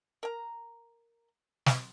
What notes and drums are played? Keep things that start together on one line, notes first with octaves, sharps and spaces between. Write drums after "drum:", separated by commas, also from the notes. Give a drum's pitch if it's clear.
A#4 A#5
drum: snare